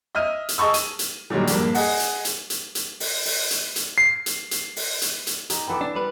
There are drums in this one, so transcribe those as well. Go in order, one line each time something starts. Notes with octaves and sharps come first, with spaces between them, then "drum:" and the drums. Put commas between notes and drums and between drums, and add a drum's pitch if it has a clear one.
D#5 E5 E6 F6 D#7
drum: hi-hat
G#4 D#5 A5 C#6 E6
D#7, drum: hi-hat
drum: hi-hat
A#2 D3 D#3 F#3 G3
A#1 G2 A#3, drum: hi-hat
G#4 D#5 F#5, drum: open hi-hat
drum: hi-hat
drum: hi-hat
drum: hi-hat
drum: hi-hat
drum: open hi-hat
drum: open hi-hat
drum: hi-hat
drum: hi-hat
C7
drum: hi-hat
drum: hi-hat
drum: open hi-hat
drum: hi-hat
drum: hi-hat
D#4 G4, drum: hi-hat
E3 B3 A4 G5 B5 D6
D4
G3 B4